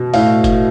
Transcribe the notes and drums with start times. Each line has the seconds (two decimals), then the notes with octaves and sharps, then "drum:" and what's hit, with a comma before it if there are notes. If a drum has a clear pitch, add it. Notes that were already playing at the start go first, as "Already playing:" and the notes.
Already playing: B2
0.14 A2 F5, drum: open hi-hat
0.44 drum: kick F1, hi-hat